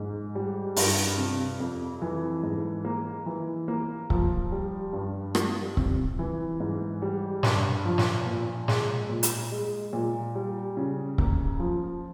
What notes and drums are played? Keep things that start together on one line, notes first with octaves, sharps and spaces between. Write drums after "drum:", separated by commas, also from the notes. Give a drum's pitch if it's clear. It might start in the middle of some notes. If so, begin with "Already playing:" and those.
Already playing: G#2
G3
G2, drum: open hi-hat
C3
F2
E3
G#2
A#3
E3
A#3
F3, drum: kick C#1
G3
G2
G3, drum: rim click
C3, drum: kick C#1
E3
G#2
G3
G2, drum: snare
F3
drum: snare
A#2
G#3, drum: snare
A#2
drum: hi-hat
G#3
A#2
G3
C#3
A#3, drum: kick C#1
F3